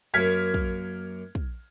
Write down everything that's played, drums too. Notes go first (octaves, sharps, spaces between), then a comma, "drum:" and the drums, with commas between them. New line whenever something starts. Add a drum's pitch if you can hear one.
F#2 A#3 F6 G#6 B6
drum: kick
drum: kick